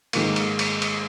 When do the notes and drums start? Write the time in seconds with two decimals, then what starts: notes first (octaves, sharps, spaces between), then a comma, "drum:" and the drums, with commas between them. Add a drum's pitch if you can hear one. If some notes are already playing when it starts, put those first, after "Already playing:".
0.13 G#2 D#3 A#3, drum: cymbal
0.36 drum: cymbal
0.59 drum: cymbal
0.82 drum: cymbal